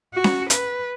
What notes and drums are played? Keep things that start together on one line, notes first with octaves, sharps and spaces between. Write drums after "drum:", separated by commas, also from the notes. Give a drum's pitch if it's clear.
F#4
drum: snare C#4
B4, drum: hi-hat